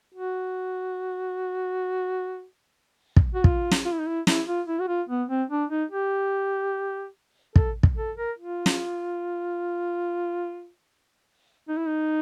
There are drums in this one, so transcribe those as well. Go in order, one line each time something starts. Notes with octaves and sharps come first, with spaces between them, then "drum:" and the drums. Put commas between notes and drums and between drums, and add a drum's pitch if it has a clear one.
F#4
drum: kick
F#4
F4, drum: kick
drum: snare
F4
E4
D#4
E4
E4, drum: snare
F4
E4
F#4
F4
B3
C4
D4
D#4
G4
A4, drum: kick
drum: kick
A4
A#4
F4
drum: snare
D#4
E4
D#4